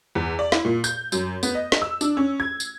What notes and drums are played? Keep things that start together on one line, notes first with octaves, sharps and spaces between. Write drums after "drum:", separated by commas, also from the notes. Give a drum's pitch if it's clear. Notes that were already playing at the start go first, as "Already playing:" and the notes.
E2
D5
E4, drum: snare
A#2
G6, drum: tambourine
F#2, drum: tambourine
B3, drum: tambourine
D#5
drum: snare
E6
D4, drum: tambourine
C#4
G#6
drum: tambourine